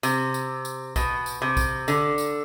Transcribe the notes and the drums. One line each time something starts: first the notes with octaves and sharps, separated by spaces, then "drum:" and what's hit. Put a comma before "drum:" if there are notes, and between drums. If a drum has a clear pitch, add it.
C3, drum: tambourine
drum: tambourine
drum: tambourine
B2, drum: kick B1, tambourine
drum: tambourine
C3
drum: kick B1, tambourine
D3, drum: tambourine
drum: tambourine